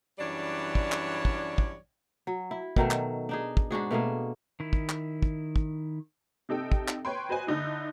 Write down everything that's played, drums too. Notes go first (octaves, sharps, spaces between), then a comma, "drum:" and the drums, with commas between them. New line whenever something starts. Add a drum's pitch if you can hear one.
F#2 E3 G3 D4 C#5 D5
drum: kick
drum: clap
drum: kick
drum: kick
F#3
E4
B2 D#3 F#3 A3, drum: kick
drum: clap
D4 D#4 G#4
drum: kick
G#2 D4 F#4 G#4
B2 A3 A#3 G#4
D#3 E4
drum: kick
drum: clap
drum: kick
drum: kick
C3 D#4 A4 G5
drum: kick
drum: clap
B4 C#5 G5 C6
F#4 B4 C5 D#5 G#5
D3 D#4 E4